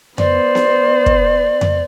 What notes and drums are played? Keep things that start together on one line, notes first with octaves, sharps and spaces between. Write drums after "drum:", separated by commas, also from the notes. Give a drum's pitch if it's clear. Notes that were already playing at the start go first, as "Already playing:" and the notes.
B3 C5 D5, drum: tom F2
drum: snare B3
drum: kick
drum: tom F2